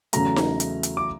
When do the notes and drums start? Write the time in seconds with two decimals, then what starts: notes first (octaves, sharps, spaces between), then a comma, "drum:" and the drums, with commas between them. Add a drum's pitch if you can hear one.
0.13 E2 C#3 F#3 A3 A#5, drum: hi-hat
0.36 drum: snare D#4
0.60 drum: hi-hat
0.83 drum: hi-hat
0.97 D6